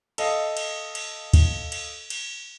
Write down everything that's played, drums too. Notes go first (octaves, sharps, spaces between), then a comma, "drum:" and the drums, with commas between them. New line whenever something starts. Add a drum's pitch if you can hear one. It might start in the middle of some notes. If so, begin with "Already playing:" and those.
A4 D#5 F5, drum: cymbal
drum: cymbal
drum: cymbal
drum: kick, cymbal
drum: cymbal
drum: cymbal